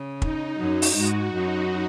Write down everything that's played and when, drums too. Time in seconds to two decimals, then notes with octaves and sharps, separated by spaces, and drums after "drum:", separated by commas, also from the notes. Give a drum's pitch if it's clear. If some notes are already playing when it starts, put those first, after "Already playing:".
Already playing: C#3
0.22 D#4, drum: kick
0.59 F#2 F#3
0.82 drum: open hi-hat
0.96 G#2 G#3 F#4
1.33 F#2 F#3 D#4